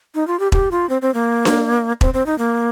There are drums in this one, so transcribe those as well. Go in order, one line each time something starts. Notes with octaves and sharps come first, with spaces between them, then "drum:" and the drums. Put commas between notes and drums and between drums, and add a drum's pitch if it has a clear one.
D#4
F4
G4
G4, drum: kick E1
F4
C4
C4
A#3
drum: snare D4
C4, drum: kick E1
C4
D#4
A#3